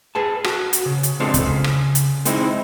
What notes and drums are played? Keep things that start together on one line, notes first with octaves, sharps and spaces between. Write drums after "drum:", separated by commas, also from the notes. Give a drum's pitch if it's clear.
G#4 B4 A5
F#4, drum: rim click
drum: hi-hat
C#3
drum: hi-hat
G#3 B3 C4 D4 F4 A4
drum: kick, hi-hat
C#3
drum: rim click
drum: hi-hat
G#3 C4 D#4 E4 C5, drum: hi-hat